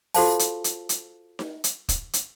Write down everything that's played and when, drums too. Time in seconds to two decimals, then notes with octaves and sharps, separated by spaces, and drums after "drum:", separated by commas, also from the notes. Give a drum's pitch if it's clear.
0.14 F4 F#4 A4 C5 F5 A5, drum: open hi-hat
0.39 drum: hi-hat
0.64 drum: hi-hat
0.89 drum: hi-hat
1.39 drum: snare D#4
1.64 drum: hi-hat
1.89 drum: kick, hi-hat
2.13 drum: hi-hat